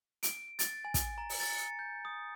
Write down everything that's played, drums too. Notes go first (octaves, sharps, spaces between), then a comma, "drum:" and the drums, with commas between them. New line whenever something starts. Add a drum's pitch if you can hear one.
D7, drum: hi-hat
A6, drum: hi-hat
G#5
drum: kick, hi-hat
A#5
drum: open hi-hat
A6
C#7
G6
D#6